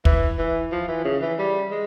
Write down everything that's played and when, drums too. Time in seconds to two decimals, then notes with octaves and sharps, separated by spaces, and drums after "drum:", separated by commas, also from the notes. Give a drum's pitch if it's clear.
0.05 E3, drum: kick
0.38 E3
0.72 F3
0.88 E3
1.05 C#3
1.22 E3
1.38 G3
1.71 G#3